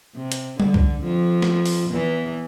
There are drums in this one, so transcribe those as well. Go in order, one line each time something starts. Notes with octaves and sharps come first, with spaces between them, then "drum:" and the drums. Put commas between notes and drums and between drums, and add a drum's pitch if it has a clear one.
C3
drum: hi-hat
D3, drum: tom G3
drum: kick C2
F2 F3
drum: snare
drum: open hi-hat
E2 E3